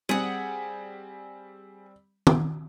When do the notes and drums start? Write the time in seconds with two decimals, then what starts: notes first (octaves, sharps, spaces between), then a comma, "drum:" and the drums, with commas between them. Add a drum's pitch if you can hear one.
0.09 G3 C4 G#4 F#5
2.27 drum: tom D#3